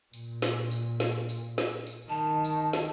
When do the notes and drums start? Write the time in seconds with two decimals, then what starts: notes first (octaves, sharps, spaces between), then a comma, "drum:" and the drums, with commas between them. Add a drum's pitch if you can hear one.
0.14 A#2, drum: tambourine
0.42 drum: snare
0.71 drum: tambourine
1.00 drum: snare
1.29 drum: tambourine
1.58 drum: snare
1.87 drum: tambourine
2.09 D#3 A5
2.45 drum: tambourine
2.73 drum: snare